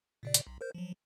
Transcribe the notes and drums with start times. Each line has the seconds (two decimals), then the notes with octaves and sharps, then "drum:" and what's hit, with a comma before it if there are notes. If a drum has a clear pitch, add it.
0.23 A#2 C#3 D5
0.34 drum: hi-hat
0.47 B1
0.61 A#4 C5 G6
0.75 F3 F#3